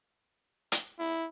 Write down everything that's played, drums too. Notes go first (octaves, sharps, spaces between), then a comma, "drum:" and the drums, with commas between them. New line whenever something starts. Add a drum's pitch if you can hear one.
drum: hi-hat
E4